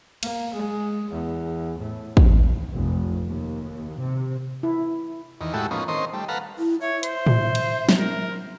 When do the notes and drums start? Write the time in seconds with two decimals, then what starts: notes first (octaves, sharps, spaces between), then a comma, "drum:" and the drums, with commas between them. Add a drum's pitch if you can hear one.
0.23 A#3, drum: cymbal
0.54 G#3
1.11 E2
1.79 A2
2.17 drum: kick
2.75 F1
3.27 D#2
4.02 C3
4.63 E4
5.41 E2 D#3
5.54 A2 G#3 E4 F#4 G4 A4
5.71 F3 A#3 B3 C#4 D#4
5.88 D#3 C4 C#4 A#4 C5 D#5
6.13 G3 A3
6.29 A4 B4 F5 F#5 A#5
6.58 E4
6.81 C#5 E5
7.03 C5, drum: hi-hat
7.27 drum: tom A2
7.55 drum: cymbal
7.89 drum: snare
7.99 A#4